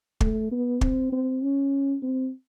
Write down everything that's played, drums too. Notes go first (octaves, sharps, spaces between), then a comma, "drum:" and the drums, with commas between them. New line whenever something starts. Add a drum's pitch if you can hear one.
A3, drum: kick
B3
C4, drum: kick
C4
C#4
C4